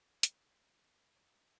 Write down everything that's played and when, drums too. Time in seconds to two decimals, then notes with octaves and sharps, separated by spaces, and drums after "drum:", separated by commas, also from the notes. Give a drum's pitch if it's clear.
0.23 F3 C#5 D#5, drum: hi-hat
0.61 A#3 D4 G4 A#4
0.99 F3
1.37 A#3 D4 G4 A#4